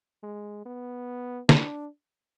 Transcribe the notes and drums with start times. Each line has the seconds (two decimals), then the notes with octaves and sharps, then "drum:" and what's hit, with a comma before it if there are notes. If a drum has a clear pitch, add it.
0.23 G#3
0.65 B3
1.49 D4, drum: snare